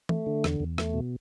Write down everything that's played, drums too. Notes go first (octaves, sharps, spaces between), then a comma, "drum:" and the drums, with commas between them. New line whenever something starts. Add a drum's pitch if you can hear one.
A3, drum: tom E3
D3
E2, drum: rim click
E2
A3, drum: rim click
B2